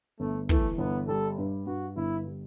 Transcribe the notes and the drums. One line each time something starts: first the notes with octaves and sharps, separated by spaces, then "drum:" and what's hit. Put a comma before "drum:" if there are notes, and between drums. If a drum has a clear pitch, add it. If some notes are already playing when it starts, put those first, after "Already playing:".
G1 A3
E3 A3, drum: kick
G1 B3
G3 A4
G2
G2 F#4
G1 E4
G3